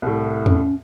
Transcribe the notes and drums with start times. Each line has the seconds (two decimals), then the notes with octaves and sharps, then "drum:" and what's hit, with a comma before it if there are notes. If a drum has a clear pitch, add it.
0.02 C2 A2
0.46 C#4, drum: tom E2